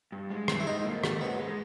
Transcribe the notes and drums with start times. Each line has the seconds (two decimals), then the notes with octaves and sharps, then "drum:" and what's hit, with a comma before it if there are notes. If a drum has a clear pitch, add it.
0.12 G2
0.30 G#3
0.48 G2, drum: rim click
0.60 E4
0.66 G#2 D#4
0.84 A#3
1.04 G#2, drum: rim click
1.21 B3 C#4
1.40 G#3